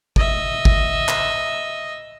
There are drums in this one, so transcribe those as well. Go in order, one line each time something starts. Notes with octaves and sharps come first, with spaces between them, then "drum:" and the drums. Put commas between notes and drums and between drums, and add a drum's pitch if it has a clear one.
D#5 E5, drum: kick
drum: kick
drum: clap